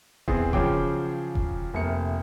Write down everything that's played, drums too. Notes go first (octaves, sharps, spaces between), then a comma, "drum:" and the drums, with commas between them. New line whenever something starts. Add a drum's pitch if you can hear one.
E2 C4 G#4, drum: kick E1
C#3 F3 F#3 G#4 G5 D6, drum: kick E1
drum: kick E1
F1 A#3 C#7